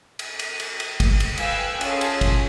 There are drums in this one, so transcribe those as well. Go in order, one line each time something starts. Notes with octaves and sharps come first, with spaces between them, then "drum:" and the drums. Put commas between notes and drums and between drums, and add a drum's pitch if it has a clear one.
drum: cymbal
drum: cymbal
drum: cymbal
drum: cymbal
drum: kick, cymbal
drum: cymbal
B4 F5 G5 G#5 E6 F#6, drum: cymbal
C#4 F4 G#4 A4 C#5, drum: cymbal
drum: cymbal
drum: kick, cymbal